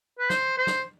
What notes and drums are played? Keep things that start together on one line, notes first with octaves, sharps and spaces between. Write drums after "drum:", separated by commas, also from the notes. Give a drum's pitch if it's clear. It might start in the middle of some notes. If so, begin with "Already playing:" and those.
B4
C5, drum: snare
C5
drum: snare